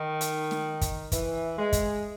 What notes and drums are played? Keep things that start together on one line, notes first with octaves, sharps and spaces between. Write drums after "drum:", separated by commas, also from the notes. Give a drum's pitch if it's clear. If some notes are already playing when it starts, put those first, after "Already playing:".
Already playing: D#3
drum: hi-hat
drum: snare
drum: kick, hi-hat
E3, drum: kick, hi-hat
G#3
drum: kick, hi-hat